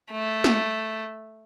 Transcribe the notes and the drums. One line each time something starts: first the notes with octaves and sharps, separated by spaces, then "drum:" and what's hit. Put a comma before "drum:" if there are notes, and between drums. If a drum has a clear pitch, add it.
A3
drum: snare